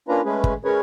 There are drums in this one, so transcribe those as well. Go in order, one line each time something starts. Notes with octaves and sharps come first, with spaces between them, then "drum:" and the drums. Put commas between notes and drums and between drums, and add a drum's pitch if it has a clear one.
A#3 C#4 D4 F4 B4 A#5
G#3 A3 C#4 G#4 B4
drum: kick
G#3 C#4 G#4 A#4 B4 C#5